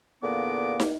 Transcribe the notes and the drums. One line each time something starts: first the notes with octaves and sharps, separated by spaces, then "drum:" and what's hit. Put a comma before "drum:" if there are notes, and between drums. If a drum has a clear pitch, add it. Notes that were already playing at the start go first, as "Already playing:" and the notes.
E2 A#2 D3 A#3 B3 D6
drum: snare